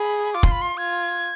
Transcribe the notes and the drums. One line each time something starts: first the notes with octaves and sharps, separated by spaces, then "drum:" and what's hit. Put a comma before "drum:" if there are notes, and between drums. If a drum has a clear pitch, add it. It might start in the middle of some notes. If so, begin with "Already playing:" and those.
Already playing: G#4 B5
F4 D6
C6, drum: kick
B5
C6
F4 G#6